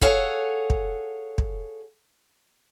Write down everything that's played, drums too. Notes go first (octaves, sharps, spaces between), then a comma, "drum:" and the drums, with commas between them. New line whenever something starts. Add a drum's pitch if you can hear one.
G#4 A4 C#5 F5 F#5 G#5, drum: kick
drum: kick
drum: kick